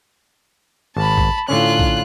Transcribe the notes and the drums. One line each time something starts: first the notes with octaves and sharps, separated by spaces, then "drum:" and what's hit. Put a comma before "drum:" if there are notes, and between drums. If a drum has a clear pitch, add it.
G#1 A5 B5
drum: kick A#1
A2 D3 C#4 F4 F#6
drum: kick A#1